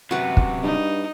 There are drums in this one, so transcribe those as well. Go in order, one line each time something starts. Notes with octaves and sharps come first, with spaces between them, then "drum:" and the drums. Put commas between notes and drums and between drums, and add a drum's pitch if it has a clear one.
F#2 C3 F#4 B4
drum: kick
G2 D#4